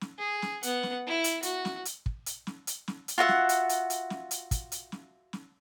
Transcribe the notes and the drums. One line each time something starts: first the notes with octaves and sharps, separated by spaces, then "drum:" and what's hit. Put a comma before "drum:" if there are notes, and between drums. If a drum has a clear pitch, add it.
drum: snare
G#4
drum: snare
B3 F#5, drum: hi-hat
drum: snare
E4
drum: hi-hat
F#4, drum: hi-hat
drum: snare
drum: hi-hat
drum: kick
drum: hi-hat
drum: snare
drum: hi-hat
drum: snare
drum: hi-hat
F4 F#4 E5 F#5
drum: snare
drum: hi-hat
drum: hi-hat
drum: hi-hat
drum: snare
drum: hi-hat
drum: kick, hi-hat
drum: hi-hat
drum: snare
drum: snare